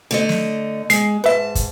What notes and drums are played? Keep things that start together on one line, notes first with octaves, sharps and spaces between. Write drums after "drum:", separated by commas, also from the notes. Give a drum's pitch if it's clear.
D3 A3 D#5
drum: snare
G#3 C7, drum: hi-hat
G#2 B4 E5 A5
drum: kick, hi-hat